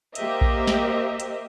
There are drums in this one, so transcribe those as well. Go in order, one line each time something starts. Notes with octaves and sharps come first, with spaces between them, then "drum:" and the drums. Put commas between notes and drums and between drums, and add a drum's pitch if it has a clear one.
A#3 G4 A#4 C5 D#5 E5, drum: hi-hat
drum: kick A#1
drum: snare
drum: hi-hat